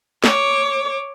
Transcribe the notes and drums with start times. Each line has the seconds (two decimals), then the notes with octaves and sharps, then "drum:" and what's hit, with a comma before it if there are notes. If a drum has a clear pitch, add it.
0.24 C#5 D6, drum: snare